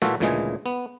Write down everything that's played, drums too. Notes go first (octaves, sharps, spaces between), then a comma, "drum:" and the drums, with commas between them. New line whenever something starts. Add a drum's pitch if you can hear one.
A#2 E3 F4 F#4 A4 E5, drum: snare
D2 A#2 C#3 E3 G#3 G#4, drum: snare
B3